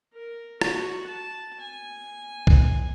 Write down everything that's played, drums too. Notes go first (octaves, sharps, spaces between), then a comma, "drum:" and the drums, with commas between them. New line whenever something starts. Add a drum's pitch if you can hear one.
A#4
F#4, drum: rim click
A5
G#5
drum: kick